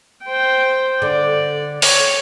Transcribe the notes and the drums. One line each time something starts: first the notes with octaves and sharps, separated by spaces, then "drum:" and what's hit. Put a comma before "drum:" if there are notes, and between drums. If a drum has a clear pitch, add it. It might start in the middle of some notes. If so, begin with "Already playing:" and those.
C5 G5
D3 D5
C#5, drum: open hi-hat